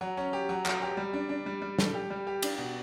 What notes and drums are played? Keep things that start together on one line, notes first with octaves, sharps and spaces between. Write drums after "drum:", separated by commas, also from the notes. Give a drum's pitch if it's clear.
F#3
C#4
G4
F#3
F#3, drum: clap
G4
G3
D4
D4
G3
G3
A4, drum: snare
G4
G3
G4
D4, drum: cymbal
B2